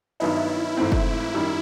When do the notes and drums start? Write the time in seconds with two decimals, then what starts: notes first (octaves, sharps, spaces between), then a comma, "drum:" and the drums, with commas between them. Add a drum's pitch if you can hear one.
0.20 G2 D#3 F#3 B3 D#4 E4
0.77 G#1 G#2 E3 A3 C4
0.92 drum: kick
1.34 F#2 D#3 G3